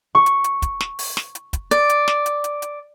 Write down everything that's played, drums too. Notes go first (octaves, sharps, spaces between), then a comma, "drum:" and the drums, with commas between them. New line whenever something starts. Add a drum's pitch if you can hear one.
C#6
drum: hi-hat
drum: hi-hat
drum: kick, hi-hat
drum: snare
drum: open hi-hat
drum: snare
drum: hi-hat
drum: kick, hi-hat
D5, drum: hi-hat
drum: hi-hat
drum: snare
drum: hi-hat
drum: hi-hat
drum: hi-hat